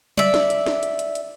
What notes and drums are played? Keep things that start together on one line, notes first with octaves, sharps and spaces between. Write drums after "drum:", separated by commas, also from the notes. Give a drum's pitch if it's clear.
D5 E5, drum: tom F#3
drum: snare
drum: hi-hat
drum: snare
drum: hi-hat
drum: hi-hat
drum: hi-hat